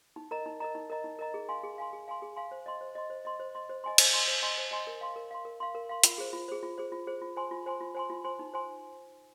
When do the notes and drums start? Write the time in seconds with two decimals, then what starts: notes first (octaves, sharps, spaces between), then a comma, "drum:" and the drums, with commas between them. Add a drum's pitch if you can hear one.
0.16 D#4
0.31 A#4 D#5 A#5
0.46 D#4
0.60 A#4 D#5 A#5
0.75 D#4
0.90 A#4 D#5 A#5
1.04 D#4
1.19 A#4 D#5 A#5
1.34 G#4
1.49 F5 G#5 C6
1.63 G#4
1.78 F5 G#5 C6
1.93 G#4
2.08 F5 G#5 C6
2.22 G#4
2.36 F5 G#5 C6
2.51 C5
2.66 D#5 C6
2.81 C5
2.95 D#5 C6
3.10 C5
3.25 D#5 C6
3.40 C5
3.55 D#5 C6
3.69 C5
3.84 D#5 G#5 C6
3.98 C5, drum: cymbal
4.14 D#5 G#5 C6
4.28 C5
4.43 D#5 G#5 C6
4.58 C5
4.71 D#5 G#5 C6
4.87 A#4
5.01 F5 C6
5.16 A#4
5.31 F5 C6
5.45 A#4
5.60 F5 C6
5.75 A#4
5.89 F5 C6
6.03 F4, drum: hi-hat
6.18 G#4 C5
6.33 F4
6.48 G#4 C5
6.63 F4
6.78 G#4 C5
6.92 F4
7.07 G#4 C5
7.22 F4
7.36 C5 G#5 C6
7.51 F4
7.66 C5 G#5 C6
7.81 F4
7.95 C5 G#5 C6
8.10 F4
8.24 C5 G#5 C6
8.39 D#4
8.54 C5 G#5 C6